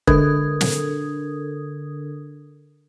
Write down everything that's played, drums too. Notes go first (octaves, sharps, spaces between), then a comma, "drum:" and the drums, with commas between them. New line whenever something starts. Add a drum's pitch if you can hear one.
D3 D4 A4 A#4 D#6 G#6, drum: kick
drum: snare